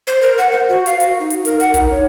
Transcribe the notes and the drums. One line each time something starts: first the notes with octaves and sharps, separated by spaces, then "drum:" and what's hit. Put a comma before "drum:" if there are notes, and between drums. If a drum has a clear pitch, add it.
C5
A#4
F#5
C5
F#4
F5, drum: hi-hat
F#4, drum: hi-hat
D#4
drum: hi-hat
A#4, drum: hi-hat
F#5, drum: hi-hat
D#4, drum: kick, hi-hat
C#5